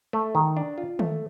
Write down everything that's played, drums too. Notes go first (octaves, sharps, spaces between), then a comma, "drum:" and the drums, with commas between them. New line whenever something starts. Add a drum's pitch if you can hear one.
A3
D#3
D4
F4
A3, drum: tom D#3